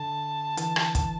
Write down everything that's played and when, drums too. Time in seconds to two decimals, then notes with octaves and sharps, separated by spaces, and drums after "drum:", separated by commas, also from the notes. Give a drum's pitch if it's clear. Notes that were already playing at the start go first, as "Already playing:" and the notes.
Already playing: D3 A5
0.57 E3, drum: hi-hat
0.76 drum: rim click
0.95 drum: kick, hi-hat